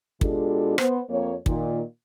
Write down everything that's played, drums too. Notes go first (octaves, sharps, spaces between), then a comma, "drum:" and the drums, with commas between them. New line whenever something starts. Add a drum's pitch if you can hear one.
B2 G#3 D4 F4 G4 A4, drum: kick
B3 C5, drum: rim click
F2 A#3 C#5
A#2 D#3, drum: kick